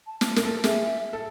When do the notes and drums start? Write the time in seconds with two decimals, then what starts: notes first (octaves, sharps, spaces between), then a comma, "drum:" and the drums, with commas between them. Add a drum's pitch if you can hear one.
0.07 A5
0.21 drum: snare
0.36 A#4, drum: snare
0.45 A4
0.64 G#4 E5, drum: snare
1.13 A4